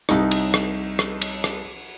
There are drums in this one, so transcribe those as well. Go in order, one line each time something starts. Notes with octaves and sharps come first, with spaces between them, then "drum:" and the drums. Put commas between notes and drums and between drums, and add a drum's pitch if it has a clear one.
C2 D#4, drum: rim click
drum: cymbal
drum: rim click
drum: rim click
drum: cymbal
drum: rim click